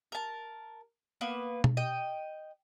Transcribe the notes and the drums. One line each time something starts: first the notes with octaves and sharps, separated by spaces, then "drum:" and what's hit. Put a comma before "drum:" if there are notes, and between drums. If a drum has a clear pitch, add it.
A#4 A5
A#3 B3 B4
drum: tom B2
D#5 G5